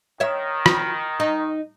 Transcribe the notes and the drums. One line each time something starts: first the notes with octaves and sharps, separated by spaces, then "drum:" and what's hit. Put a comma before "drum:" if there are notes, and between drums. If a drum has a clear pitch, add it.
D#3 C#5 E5
drum: rim click
D#4